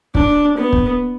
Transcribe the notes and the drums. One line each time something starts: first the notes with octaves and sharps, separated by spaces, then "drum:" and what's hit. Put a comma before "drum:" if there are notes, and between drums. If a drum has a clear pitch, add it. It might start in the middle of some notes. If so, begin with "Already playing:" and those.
D4, drum: kick
B3
drum: kick